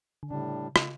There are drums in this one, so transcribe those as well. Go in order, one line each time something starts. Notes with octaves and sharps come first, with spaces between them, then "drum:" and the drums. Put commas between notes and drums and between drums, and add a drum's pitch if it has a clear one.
D3
A2 C#3 G3 D4
C#3, drum: rim click